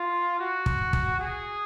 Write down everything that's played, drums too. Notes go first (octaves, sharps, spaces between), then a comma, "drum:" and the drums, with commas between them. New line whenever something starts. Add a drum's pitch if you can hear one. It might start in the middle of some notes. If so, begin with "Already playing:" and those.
Already playing: F4
F#4
drum: kick
drum: kick
G#4